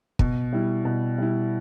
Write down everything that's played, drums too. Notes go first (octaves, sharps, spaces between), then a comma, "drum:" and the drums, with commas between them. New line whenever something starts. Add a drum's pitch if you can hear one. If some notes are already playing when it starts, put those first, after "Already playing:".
B2, drum: kick
G3 E4
B2
G3 E4